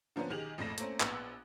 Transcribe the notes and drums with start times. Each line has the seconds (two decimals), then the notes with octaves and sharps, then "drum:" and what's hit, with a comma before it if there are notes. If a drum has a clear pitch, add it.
0.16 D3 F3 A#3 B3 C#4
0.30 B1 D#3 G4 G#4 F7 F#7
0.58 A#1 F2 A2 A3 A#6 E7
0.78 A3 A#3 C4 C#4, drum: hi-hat
1.00 A#1 B3 E6 F#6 F7 F#7, drum: clap